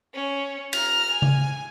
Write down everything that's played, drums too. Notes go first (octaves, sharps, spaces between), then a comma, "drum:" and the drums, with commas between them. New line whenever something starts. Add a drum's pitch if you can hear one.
C#4
A#5 F6, drum: cymbal
G#5
drum: tom C#3